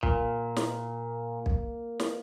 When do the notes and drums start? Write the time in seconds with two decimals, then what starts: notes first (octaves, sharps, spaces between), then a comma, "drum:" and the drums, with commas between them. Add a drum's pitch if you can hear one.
0.03 A#2 A#3, drum: kick B1
0.56 drum: snare
1.46 drum: kick B1
2.00 drum: snare